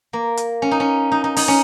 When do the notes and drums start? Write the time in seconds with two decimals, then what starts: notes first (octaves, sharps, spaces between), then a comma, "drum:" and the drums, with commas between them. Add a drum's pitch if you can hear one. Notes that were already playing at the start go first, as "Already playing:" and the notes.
0.13 A#3
0.37 drum: hi-hat
0.62 C#4
0.71 D#4
0.80 C#4
1.12 D#4
1.24 D#4
1.37 D#4, drum: open hi-hat
1.48 C#4